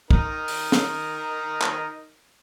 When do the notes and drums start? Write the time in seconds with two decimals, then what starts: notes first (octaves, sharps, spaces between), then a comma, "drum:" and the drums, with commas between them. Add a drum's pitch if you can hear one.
0.11 D#4 A#4, drum: kick
0.48 drum: open hi-hat
0.72 drum: snare
1.62 drum: clap